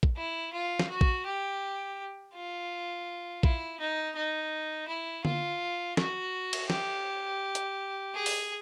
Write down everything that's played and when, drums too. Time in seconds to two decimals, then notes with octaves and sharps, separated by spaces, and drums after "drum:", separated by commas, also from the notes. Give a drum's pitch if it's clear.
0.03 drum: kick
0.16 E4
0.53 F4
0.79 drum: snare
0.89 F#4
1.01 drum: kick
1.26 G4
2.34 F4
3.43 E4, drum: kick
3.80 D#4
4.16 D#4
4.88 E4
5.25 F4, drum: tom D3
5.97 F#4, drum: snare
6.53 drum: cymbal
6.70 G4, drum: snare
7.55 drum: hi-hat
8.15 G#4
8.26 drum: open hi-hat